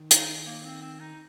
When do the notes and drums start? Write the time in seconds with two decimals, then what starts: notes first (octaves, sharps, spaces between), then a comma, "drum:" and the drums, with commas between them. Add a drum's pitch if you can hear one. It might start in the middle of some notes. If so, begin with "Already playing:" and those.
Already playing: D#3
0.11 D#4, drum: hi-hat
0.47 A#3
0.64 C4
0.82 C4
1.00 D#4